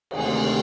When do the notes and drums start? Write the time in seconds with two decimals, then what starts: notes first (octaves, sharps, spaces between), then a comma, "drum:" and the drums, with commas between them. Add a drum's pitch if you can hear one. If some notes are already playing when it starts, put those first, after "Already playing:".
0.11 D2 C3 D#3 G#3 G#4, drum: cymbal